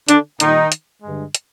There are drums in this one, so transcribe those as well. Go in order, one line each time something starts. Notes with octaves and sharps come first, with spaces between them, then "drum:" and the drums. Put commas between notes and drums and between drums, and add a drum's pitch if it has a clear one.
D3 D4, drum: hi-hat
A#2 D#3 G3 D#4, drum: hi-hat
drum: hi-hat
G2 D3 G#3
drum: hi-hat